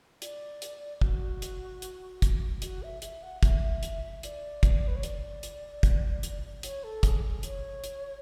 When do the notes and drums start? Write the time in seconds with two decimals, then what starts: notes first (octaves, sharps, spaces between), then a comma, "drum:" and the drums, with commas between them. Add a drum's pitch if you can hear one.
0.22 D5, drum: hi-hat
0.62 drum: hi-hat
1.01 F#4, drum: kick
1.42 drum: hi-hat
1.82 drum: hi-hat
2.22 drum: kick, hi-hat
2.62 F#4, drum: hi-hat
2.83 E5
3.02 E5, drum: hi-hat
3.23 F#5
3.43 E5, drum: kick, hi-hat
3.83 drum: hi-hat
4.23 D5, drum: hi-hat
4.63 drum: kick, hi-hat
4.87 B4
4.96 C#5
5.03 D5, drum: hi-hat
5.43 drum: hi-hat
5.83 drum: kick, hi-hat
6.23 drum: hi-hat
6.63 C#5, drum: hi-hat
6.84 A4
7.03 G#4, drum: kick, hi-hat
7.43 C#5, drum: hi-hat
7.84 drum: hi-hat